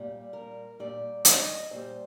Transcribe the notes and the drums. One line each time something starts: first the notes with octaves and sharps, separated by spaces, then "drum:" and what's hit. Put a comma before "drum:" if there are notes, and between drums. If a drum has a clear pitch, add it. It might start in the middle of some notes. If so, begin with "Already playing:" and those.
Already playing: A#2 G3
A#4
A#2 G3 D5
D#5, drum: hi-hat
A#2 G3 C5